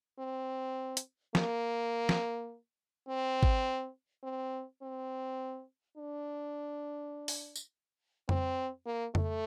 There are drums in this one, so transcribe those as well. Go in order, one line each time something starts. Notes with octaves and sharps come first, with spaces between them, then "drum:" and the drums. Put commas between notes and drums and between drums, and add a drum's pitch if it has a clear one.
C4
drum: hi-hat
A#3, drum: snare
drum: snare
C4
drum: kick
C4
C4
D4
drum: open hi-hat
drum: tambourine
C4, drum: tom F2
A#3
A3, drum: tom F2